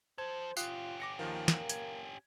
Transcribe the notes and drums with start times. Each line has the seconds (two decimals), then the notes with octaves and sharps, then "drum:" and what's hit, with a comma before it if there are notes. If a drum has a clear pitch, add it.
0.18 F3 A4 C5 G#6
0.57 C#4 F4 G4 D#6 F#6 C7, drum: tambourine
1.00 D6 A#6 C#7
1.19 D#2 D#3 F3 A#3
1.48 drum: snare
1.69 G#6, drum: hi-hat